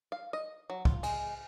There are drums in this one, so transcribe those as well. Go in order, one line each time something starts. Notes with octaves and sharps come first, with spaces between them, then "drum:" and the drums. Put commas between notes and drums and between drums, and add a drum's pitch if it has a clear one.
F5
D#5
F#3
F4, drum: kick
G#3, drum: cymbal